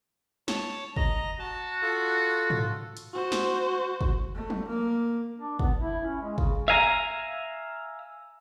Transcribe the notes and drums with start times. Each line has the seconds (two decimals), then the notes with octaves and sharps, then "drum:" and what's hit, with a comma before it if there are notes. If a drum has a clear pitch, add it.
0.48 C#5 A5, drum: snare
0.96 D#5 A#5, drum: kick
1.39 F#4 A5
1.82 F4 A4
2.50 drum: tom G#2
2.97 drum: hi-hat
3.13 F#4 C5
3.32 drum: snare
4.01 drum: kick
4.35 A3
4.50 drum: tom F3
4.68 A#3
5.39 D4
5.59 B3, drum: kick
5.78 E4
6.05 C#4
6.22 G#3
6.38 C#3, drum: kick
6.68 E5 F5 G#5 A#5